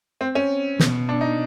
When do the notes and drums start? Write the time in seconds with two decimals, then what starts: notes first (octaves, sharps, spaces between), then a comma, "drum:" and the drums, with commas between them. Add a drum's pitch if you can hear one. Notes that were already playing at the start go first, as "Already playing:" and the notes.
0.21 C4
0.35 C#4
0.79 B2, drum: snare
1.09 D4
1.21 D#4